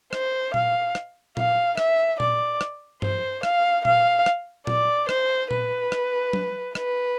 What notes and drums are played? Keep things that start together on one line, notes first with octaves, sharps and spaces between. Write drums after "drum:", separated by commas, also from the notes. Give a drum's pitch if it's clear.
C5, drum: rim click
F5, drum: tom A#2
drum: rim click
F5, drum: tom A#2
E5, drum: rim click
D5, drum: tom A#2
drum: rim click
C5, drum: tom G2
F5, drum: rim click
F5, drum: tom A#2
drum: rim click
D5, drum: tom A#2
C5, drum: rim click
B4, drum: tom A#2
drum: rim click
drum: tom
B4, drum: rim click